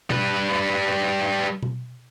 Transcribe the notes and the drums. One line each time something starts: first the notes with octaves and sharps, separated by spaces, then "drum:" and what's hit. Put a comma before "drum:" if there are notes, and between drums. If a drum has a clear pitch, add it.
G3 B4, drum: tom B2
drum: tom B2